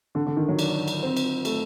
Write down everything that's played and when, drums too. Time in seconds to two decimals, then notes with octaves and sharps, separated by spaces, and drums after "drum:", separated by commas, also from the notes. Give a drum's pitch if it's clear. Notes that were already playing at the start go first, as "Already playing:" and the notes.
0.15 D3
0.27 D3
0.37 D#3
0.48 F#3
0.59 D4, drum: cymbal
0.88 drum: cymbal
1.03 C4
1.17 drum: cymbal
1.45 A3, drum: cymbal